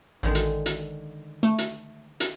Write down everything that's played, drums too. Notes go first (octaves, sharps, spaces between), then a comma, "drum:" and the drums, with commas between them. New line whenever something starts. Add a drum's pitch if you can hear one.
A1 D3 D#3 G#3
drum: hi-hat
drum: hi-hat
A3
drum: hi-hat
drum: hi-hat